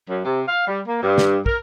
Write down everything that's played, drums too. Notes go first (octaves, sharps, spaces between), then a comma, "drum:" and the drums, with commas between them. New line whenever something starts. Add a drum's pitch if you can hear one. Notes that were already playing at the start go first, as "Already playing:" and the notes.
F#2
C3
F5
G3
A#3
G2
drum: snare
A#4, drum: kick